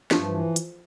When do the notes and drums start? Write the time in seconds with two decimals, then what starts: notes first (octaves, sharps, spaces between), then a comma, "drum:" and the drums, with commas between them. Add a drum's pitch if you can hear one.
0.11 G2 F3 A3, drum: snare
0.28 E3
0.56 drum: hi-hat